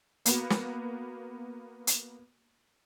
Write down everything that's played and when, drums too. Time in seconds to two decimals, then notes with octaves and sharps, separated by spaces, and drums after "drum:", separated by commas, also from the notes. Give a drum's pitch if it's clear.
0.26 A#3 B3 F#4, drum: hi-hat
0.50 drum: snare
1.87 drum: hi-hat